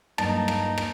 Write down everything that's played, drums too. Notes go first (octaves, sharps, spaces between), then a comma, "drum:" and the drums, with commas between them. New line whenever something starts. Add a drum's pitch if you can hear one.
G2 F#3 A#3 D#4 A5, drum: rim click
drum: rim click
drum: rim click